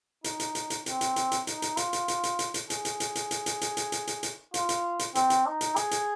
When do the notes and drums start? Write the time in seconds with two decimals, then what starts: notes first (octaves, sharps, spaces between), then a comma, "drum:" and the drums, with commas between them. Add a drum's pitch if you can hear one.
0.24 D#4, drum: hi-hat
0.40 drum: hi-hat
0.55 drum: hi-hat
0.70 drum: hi-hat
0.86 C4, drum: hi-hat
1.01 drum: hi-hat
1.16 drum: hi-hat
1.32 drum: hi-hat
1.47 D#4, drum: hi-hat
1.62 drum: hi-hat
1.77 F4, drum: hi-hat
1.93 drum: hi-hat
2.08 drum: hi-hat
2.23 drum: hi-hat
2.39 drum: hi-hat
2.54 drum: hi-hat
2.70 G#4, drum: hi-hat
2.85 drum: hi-hat
3.00 drum: hi-hat
3.15 drum: hi-hat
3.31 drum: hi-hat
3.46 drum: hi-hat
3.61 drum: hi-hat
3.77 drum: hi-hat
3.92 drum: hi-hat
4.07 drum: hi-hat
4.23 drum: hi-hat
4.54 F4, drum: hi-hat
4.69 drum: hi-hat
4.99 drum: hi-hat
5.15 C4, drum: hi-hat
5.30 drum: hi-hat
5.46 D#4
5.61 drum: hi-hat
5.76 G#4, drum: hi-hat
5.91 drum: hi-hat